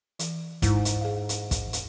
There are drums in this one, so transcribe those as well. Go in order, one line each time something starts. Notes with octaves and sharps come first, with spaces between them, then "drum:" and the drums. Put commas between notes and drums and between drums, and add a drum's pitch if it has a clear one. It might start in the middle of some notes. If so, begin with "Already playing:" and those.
E3, drum: hi-hat
G#2 G#3 D#4 E4, drum: kick, hi-hat
drum: hi-hat
G#4 F5
drum: hi-hat
drum: kick, hi-hat
drum: hi-hat